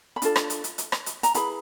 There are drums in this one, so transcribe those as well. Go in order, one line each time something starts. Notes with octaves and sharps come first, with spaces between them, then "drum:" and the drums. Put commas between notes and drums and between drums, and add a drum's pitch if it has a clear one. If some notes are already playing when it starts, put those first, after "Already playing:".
B5
D4 F4 A4, drum: hi-hat
drum: rim click
drum: hi-hat
drum: hi-hat
drum: hi-hat
drum: rim click
drum: hi-hat
A#5, drum: hi-hat
E4 G#4 B4 B5, drum: hi-hat